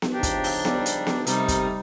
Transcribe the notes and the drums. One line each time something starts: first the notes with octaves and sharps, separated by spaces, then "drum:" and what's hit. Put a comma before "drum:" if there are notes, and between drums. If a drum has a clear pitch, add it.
drum: snare B3
C#3 F3 D4 D#4 G4
drum: kick, hi-hat
drum: open hi-hat
G3, drum: snare B3
drum: hi-hat
drum: snare B3
C3 G3 A3 D#4 G4 A#4, drum: hi-hat
drum: kick, hi-hat